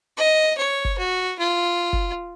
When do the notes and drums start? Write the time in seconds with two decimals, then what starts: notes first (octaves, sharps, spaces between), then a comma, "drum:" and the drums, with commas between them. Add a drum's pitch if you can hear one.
0.17 D#5
0.58 C#5
0.85 drum: kick
0.98 F#4
1.39 F4
1.93 drum: kick